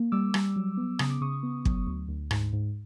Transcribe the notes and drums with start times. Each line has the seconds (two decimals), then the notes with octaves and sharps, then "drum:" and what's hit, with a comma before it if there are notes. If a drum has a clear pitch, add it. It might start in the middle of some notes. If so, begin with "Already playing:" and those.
Already playing: A#3
0.12 G3 D6 E6
0.34 G3, drum: rim click
0.56 F#3
0.77 B3
0.99 C#3 D#6, drum: rim click
1.10 D6
1.21 C#3 C#6 D#6
1.43 B3
1.65 F#3, drum: kick
1.87 D2
2.08 D2
2.31 G#2, drum: rim click
2.53 G#2